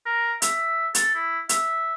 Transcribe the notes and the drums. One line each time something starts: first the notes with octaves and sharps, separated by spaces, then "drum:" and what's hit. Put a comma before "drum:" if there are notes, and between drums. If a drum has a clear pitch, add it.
A#4
E5, drum: hi-hat
A4, drum: hi-hat
E4
E5, drum: hi-hat